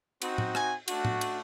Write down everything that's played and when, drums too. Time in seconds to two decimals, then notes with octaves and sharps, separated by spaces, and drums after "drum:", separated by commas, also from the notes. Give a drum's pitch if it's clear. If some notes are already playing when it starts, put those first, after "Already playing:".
0.22 C4 D#4 F#4, drum: cymbal
0.38 drum: tom A2
0.55 G#5, drum: rim click
0.88 A3 D4 F#4, drum: cymbal
1.05 drum: tom A2
1.21 drum: cymbal